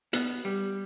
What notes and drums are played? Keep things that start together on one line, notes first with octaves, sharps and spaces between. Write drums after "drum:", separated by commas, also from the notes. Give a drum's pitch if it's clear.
B3, drum: hi-hat
G3